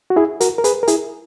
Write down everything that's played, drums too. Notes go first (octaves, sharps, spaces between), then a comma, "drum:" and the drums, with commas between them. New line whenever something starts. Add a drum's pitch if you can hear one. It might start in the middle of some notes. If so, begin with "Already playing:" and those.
F#4
E4 G#4
F#4 A#4, drum: hi-hat
A#4
G#4 B4, drum: hi-hat
A#4
E4 G#4, drum: hi-hat